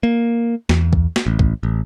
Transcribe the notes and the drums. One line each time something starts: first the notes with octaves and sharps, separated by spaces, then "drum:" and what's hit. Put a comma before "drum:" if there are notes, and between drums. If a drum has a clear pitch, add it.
A#3
E2, drum: snare
drum: kick C2
drum: snare
A1
drum: kick C2
A1